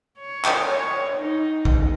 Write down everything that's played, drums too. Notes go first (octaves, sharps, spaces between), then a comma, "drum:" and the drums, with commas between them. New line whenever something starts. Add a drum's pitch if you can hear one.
C#5
drum: clap
C#5
D#4
drum: kick